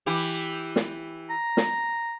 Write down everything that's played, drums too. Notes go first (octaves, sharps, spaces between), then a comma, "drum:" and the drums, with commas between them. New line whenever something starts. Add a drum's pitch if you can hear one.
E3 E4 G4
drum: snare
A#5
drum: snare